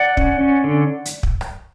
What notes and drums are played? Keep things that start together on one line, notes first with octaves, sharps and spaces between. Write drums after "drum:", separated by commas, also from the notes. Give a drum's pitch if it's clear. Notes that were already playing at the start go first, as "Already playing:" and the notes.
Already playing: D5 F#5
C#4, drum: kick
C#4
D3
drum: hi-hat
drum: kick
drum: rim click